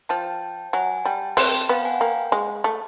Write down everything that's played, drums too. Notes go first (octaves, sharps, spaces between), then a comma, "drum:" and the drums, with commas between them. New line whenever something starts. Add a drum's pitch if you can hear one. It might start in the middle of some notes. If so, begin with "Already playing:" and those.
F3 G5 A5
F#3 F#5 G#5
G3 G5 A5
C4 G5 A5, drum: open hi-hat
B3 F5 G5
F#5 G#5
A#3 F5 G5
G#3
A3